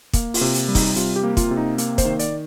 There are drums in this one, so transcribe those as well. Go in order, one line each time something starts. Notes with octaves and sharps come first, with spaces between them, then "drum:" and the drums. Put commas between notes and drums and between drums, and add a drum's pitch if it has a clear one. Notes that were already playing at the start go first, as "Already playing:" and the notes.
A#3, drum: kick, hi-hat
F4, drum: open hi-hat
C3
drum: hi-hat
G3
D#4, drum: kick, open hi-hat
C3 F4, drum: hi-hat
G4
A#3
F4, drum: kick, hi-hat
C3
D#4
A#3, drum: hi-hat
C5, drum: kick, hi-hat
D#3
D5, drum: hi-hat